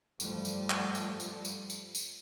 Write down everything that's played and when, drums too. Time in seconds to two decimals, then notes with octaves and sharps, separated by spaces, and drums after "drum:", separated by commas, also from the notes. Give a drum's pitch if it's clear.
0.20 G2 F3 G3 A3, drum: tambourine
0.45 drum: tambourine
0.70 drum: clap
0.95 drum: tambourine
1.20 drum: tambourine
1.45 drum: tambourine
1.70 drum: tambourine
1.95 drum: tambourine